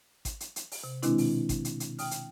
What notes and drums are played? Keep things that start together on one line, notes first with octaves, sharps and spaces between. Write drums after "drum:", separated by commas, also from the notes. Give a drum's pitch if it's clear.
drum: kick G#1, hi-hat
drum: hi-hat
drum: hi-hat
drum: open hi-hat
C3
B2 D#3 G#3 C4 D4 E4, drum: hi-hat
drum: open hi-hat
drum: kick G#1, hi-hat
drum: hi-hat
drum: hi-hat
G5 D#6 F6, drum: open hi-hat
drum: hi-hat